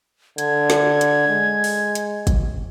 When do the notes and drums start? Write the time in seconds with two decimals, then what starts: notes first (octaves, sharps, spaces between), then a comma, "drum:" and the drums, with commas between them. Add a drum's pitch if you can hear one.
0.38 D3 G#6, drum: hi-hat
0.70 drum: snare
1.01 drum: hi-hat
1.28 G#3
1.64 drum: open hi-hat
1.95 drum: hi-hat
2.27 drum: kick G1, hi-hat